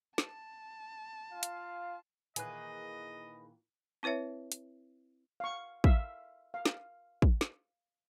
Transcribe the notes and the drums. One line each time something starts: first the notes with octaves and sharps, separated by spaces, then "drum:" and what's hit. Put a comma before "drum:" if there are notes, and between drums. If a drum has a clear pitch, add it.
A5, drum: snare
F4 F5
drum: hi-hat
A#2 D#3 E3 G#4 B4 D#5 G#5 F#6, drum: hi-hat
C4 E4 B4 C#5 E5
drum: hi-hat
F5 C#6
E5 F5, drum: kick
F5
drum: snare
drum: kick
drum: snare